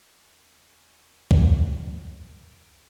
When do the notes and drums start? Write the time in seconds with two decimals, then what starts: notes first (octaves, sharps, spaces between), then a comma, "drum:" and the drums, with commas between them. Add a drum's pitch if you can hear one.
0.19 E2 A#3 F#4 G#5
1.31 drum: kick C#2
2.19 G#1 A#4 D7